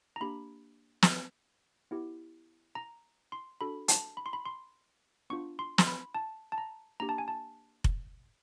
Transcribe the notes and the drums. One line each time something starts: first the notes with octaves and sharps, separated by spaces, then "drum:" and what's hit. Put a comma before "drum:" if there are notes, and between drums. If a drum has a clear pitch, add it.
A#5
A#3 D4 G4 B5
drum: snare
B3 E4 G4
A#5
C6
D4 F#4 A4 B5
A5, drum: hi-hat
B5
C6
B5
C6
B3 D4 F4 C#6
C6
C6, drum: snare
B5
A5
A5
A#5
A#3 D4 G4 A#5
A5
G#5
A5
drum: kick F1